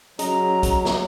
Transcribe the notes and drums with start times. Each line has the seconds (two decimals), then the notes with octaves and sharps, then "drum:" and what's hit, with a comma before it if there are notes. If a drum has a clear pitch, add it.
0.19 F#3 C#4 G#4 D#5 A#5, drum: hi-hat
0.63 drum: kick, hi-hat
0.85 drum: snare